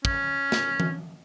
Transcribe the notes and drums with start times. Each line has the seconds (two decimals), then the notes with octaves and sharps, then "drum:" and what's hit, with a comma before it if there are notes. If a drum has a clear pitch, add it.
0.05 C#4, drum: kick
0.52 drum: snare
0.80 drum: tom E3